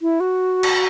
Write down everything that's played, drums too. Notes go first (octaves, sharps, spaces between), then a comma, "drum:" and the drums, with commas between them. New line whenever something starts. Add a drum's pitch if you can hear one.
E4
F#4
drum: cymbal